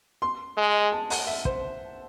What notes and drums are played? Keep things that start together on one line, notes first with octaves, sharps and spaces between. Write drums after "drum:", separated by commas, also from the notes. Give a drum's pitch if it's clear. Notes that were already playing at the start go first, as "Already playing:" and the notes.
C6
G#3
A5
F#5, drum: open hi-hat
E5
C5, drum: kick